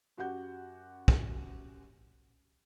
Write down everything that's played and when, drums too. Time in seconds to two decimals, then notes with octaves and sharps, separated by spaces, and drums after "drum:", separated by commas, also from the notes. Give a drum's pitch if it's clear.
0.17 F#2 F#4 G4 F#5 G6
1.08 drum: kick